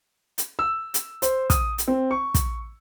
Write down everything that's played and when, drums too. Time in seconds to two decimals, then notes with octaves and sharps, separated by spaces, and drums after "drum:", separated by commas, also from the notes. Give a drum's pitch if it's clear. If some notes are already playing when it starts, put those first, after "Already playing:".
0.38 drum: hi-hat
0.59 E6
0.94 drum: hi-hat
1.22 C5, drum: hi-hat
1.50 D#6, drum: kick, hi-hat
1.78 drum: hi-hat
1.88 C4
2.11 C#6
2.35 drum: kick, hi-hat